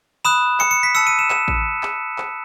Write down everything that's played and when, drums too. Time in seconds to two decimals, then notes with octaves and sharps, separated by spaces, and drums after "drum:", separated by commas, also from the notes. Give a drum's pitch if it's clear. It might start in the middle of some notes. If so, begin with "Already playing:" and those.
0.25 B5 D#6 F#6 E7
0.60 C#7, drum: clap
0.71 C#7
0.83 B6
0.95 A5 E6 C#7
1.07 D#7
1.19 E7
1.30 E7, drum: clap
1.48 drum: kick A1
1.83 drum: clap
2.18 drum: clap